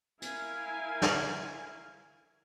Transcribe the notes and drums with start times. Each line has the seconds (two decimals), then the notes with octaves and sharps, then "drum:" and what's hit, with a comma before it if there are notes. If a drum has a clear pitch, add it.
0.22 E4 A#4 F5 G#5, drum: hi-hat
1.02 drum: snare